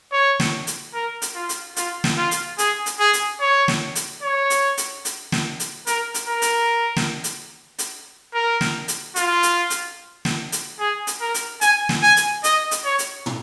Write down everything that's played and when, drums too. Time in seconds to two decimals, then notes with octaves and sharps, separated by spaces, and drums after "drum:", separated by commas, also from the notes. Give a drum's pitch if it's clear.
0.12 C#5
0.40 drum: snare
0.67 drum: hi-hat
0.94 A#4
1.22 drum: hi-hat
1.35 F4
1.49 drum: hi-hat
1.76 F4, drum: hi-hat
2.04 drum: snare
2.18 F4
2.31 drum: hi-hat
2.58 G#4, drum: hi-hat
2.86 drum: hi-hat
3.00 G#4
3.13 drum: hi-hat
3.40 C#5
3.68 drum: snare
3.95 drum: hi-hat
4.23 C#5
4.50 drum: hi-hat
4.77 drum: hi-hat
5.05 drum: hi-hat
5.32 drum: snare
5.60 drum: hi-hat
5.87 A#4, drum: hi-hat
6.14 drum: hi-hat
6.28 A#4
6.42 drum: hi-hat
6.96 drum: snare
7.24 drum: hi-hat
7.79 drum: hi-hat
8.34 A#4
8.61 drum: snare
8.88 drum: hi-hat
9.16 F4, drum: hi-hat
9.43 drum: hi-hat
9.70 drum: hi-hat
10.25 drum: snare
10.52 drum: hi-hat
10.80 G#4
11.07 drum: hi-hat
11.21 A#4
11.34 drum: hi-hat
11.61 G#5, drum: hi-hat
11.89 drum: snare
12.02 G#5
12.16 drum: hi-hat
12.44 D#5, drum: hi-hat
12.71 drum: hi-hat
12.84 C#5
12.99 drum: hi-hat
13.26 drum: tom